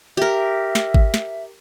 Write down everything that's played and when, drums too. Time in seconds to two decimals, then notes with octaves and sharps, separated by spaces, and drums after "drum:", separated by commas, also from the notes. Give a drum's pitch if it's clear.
0.17 G4 A#4 E5
0.75 drum: snare
0.94 drum: kick G#1
1.14 drum: snare